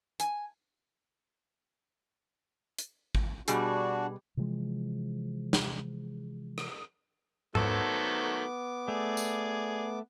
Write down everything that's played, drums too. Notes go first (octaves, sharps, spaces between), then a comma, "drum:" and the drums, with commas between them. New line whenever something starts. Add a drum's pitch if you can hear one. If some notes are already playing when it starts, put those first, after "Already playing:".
G#5, drum: hi-hat
drum: hi-hat
drum: kick G#1
B2 G3 D4 F#4 G#4, drum: hi-hat
C3 E3 F3 G#3
drum: snare
drum: rim click
D#3 F#3 A3 B3 A4 C5 C#5 D6, drum: tom G#2
A3 G#4 D5
drum: tambourine